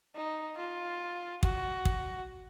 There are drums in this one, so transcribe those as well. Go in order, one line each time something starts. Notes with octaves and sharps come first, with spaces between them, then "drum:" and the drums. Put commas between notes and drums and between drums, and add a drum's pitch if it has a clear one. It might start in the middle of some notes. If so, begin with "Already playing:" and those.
D#4
F4
F#4, drum: kick
drum: kick